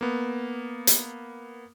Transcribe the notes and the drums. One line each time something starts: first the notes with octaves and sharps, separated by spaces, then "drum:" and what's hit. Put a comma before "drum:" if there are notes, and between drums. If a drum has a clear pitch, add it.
A#3 B3
drum: hi-hat